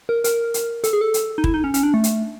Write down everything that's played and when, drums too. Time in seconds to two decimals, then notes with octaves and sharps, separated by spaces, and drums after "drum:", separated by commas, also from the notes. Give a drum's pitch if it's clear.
0.09 A#4
0.24 A#4, drum: hi-hat
0.54 drum: hi-hat
0.84 A4, drum: hi-hat
0.93 G#4
1.01 A4
1.14 drum: hi-hat
1.38 D#4
1.44 E4, drum: kick
1.54 D#4
1.64 C#4
1.74 C#4, drum: hi-hat
1.83 D4
1.94 A3
2.04 drum: hi-hat